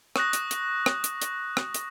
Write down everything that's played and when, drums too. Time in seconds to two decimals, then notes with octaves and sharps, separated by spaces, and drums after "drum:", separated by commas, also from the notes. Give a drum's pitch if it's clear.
0.16 C#6 D#6 F#6 A#6, drum: rim click
0.33 drum: hi-hat
0.51 drum: hi-hat
0.86 drum: rim click
1.04 drum: hi-hat
1.22 drum: hi-hat
1.57 drum: rim click
1.74 drum: hi-hat